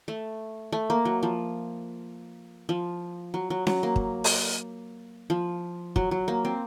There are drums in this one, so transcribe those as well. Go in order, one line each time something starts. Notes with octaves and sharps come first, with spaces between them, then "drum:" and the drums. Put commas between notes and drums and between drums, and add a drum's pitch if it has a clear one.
A3
A3
A#3
F#3
F3
F3
F#3
F#3
F#3, drum: snare C#4
A#3
drum: kick
drum: open hi-hat
F3
F#3, drum: kick
F#3
A#3
C4